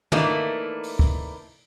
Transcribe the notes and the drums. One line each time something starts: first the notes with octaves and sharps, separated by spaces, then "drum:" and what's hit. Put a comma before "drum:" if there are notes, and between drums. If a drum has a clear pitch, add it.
E3 A3 A#3 D4 D#4, drum: tom
drum: open hi-hat
drum: kick